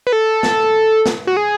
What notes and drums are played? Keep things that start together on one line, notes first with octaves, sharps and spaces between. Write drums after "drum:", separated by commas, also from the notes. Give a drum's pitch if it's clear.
B4
A4
drum: snare
drum: snare
F#4
G#4